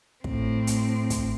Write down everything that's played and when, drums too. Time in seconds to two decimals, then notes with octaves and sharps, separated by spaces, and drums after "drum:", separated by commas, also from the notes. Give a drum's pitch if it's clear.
0.24 A2 C4, drum: kick
0.67 drum: hi-hat
1.10 drum: kick, hi-hat